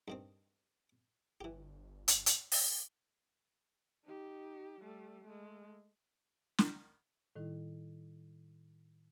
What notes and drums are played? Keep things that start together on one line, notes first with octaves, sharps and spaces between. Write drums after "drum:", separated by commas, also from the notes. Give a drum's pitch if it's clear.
G2 D#3 C4
G1 E3 G4
drum: hi-hat
drum: hi-hat
drum: open hi-hat
D#4 G4
G3 A3
G#3 A3
drum: snare
A2 D#3 G3 D#4 E4